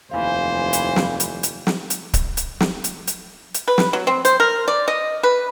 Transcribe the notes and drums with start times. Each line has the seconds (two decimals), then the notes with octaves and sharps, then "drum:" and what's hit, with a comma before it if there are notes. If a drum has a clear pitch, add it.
0.11 F1 D#2 E3 C5 F5 G#5
0.73 drum: hi-hat
0.96 drum: snare
1.20 drum: hi-hat
1.43 drum: hi-hat
1.67 drum: snare
1.90 drum: hi-hat
2.14 drum: kick C#1, hi-hat
2.37 drum: hi-hat
2.60 drum: snare
2.84 drum: hi-hat
3.07 drum: hi-hat
3.54 drum: hi-hat
3.68 B4
3.78 drum: snare
3.93 F#3
4.07 C4
4.25 C5, drum: hi-hat
4.40 A#4
4.68 D5
4.88 D#5
5.23 B4